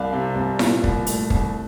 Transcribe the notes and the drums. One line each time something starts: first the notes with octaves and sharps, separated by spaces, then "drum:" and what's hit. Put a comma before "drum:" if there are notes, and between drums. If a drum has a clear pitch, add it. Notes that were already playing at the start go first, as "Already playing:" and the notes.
Already playing: C2 D5 F5
C3
C2
A#2, drum: snare E4
C2, drum: kick
A3, drum: hi-hat
C2, drum: kick